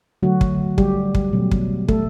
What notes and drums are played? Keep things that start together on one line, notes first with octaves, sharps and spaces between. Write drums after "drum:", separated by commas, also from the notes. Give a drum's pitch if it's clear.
D3 F#3 A3 F#4
drum: kick
G3 G4, drum: kick
drum: kick
B2 F#3 A3
drum: kick
A3 A4, drum: kick